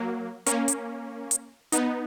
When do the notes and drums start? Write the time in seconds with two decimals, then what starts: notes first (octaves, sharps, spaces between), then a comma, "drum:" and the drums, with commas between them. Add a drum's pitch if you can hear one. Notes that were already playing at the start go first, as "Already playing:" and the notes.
Already playing: F#3 A#3
0.46 A#3 C#4, drum: hi-hat
0.68 drum: hi-hat
1.31 drum: hi-hat
1.72 B3 D#4, drum: hi-hat